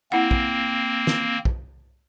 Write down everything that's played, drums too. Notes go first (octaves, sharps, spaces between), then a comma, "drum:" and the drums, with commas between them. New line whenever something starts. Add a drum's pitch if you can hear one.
A#3 C4 E4 F#5
drum: kick
drum: snare
drum: kick